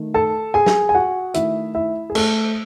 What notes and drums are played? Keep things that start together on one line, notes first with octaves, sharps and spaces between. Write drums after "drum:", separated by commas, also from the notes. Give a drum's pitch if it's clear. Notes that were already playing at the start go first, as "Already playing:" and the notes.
Already playing: D#3 A3
A4 A5
G#4 G#5
drum: snare
G#5
F#4 F#5
D#3 A3 E4 E5, drum: hi-hat
E4 E5
G#4
A3 A4, drum: cymbal